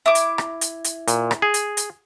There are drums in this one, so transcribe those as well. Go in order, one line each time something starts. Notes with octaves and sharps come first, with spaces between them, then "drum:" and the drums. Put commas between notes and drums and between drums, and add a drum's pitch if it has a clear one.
E4 D6
drum: hi-hat
drum: rim click
drum: hi-hat
drum: hi-hat
A#2, drum: hi-hat
drum: rim click
G#4
drum: hi-hat
drum: hi-hat